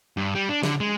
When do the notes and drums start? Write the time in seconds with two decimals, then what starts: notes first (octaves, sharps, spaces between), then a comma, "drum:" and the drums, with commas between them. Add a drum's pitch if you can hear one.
0.17 G2
0.35 G3
0.49 D4
0.63 D3, drum: snare
0.80 G#3